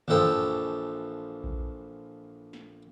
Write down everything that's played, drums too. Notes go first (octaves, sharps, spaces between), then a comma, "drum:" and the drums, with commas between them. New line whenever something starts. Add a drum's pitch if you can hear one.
A#1 E3 F3 A4 G5, drum: tom F#2
drum: kick A#1
drum: snare